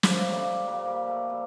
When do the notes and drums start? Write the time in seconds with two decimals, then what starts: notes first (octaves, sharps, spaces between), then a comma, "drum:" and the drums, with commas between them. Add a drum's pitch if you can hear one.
0.03 A2 F3 A#3, drum: snare
0.16 A3
0.28 G3 A#3
0.66 A#2 F3 G3 A#3
0.87 G3 A#3
1.09 A3
1.29 C3 G3